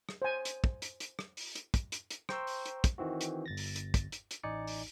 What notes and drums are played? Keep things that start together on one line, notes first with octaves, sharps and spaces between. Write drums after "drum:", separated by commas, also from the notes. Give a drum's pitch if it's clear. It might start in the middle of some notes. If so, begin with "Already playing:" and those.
drum: rim click
C5 G#5
drum: hi-hat
drum: kick
drum: hi-hat
drum: hi-hat
drum: rim click
drum: open hi-hat
drum: hi-hat
drum: kick, hi-hat
drum: hi-hat
drum: hi-hat
C5 G5 A#5 C6 C#6 E6, drum: rim click
drum: open hi-hat
drum: hi-hat
drum: kick, hi-hat
D#3 E3 C4 F#4
drum: hi-hat
G1 A6 A#6
drum: open hi-hat
drum: hi-hat
drum: kick, hi-hat
drum: hi-hat
drum: hi-hat
A1 D#4 D5 G#5 C#7
drum: open hi-hat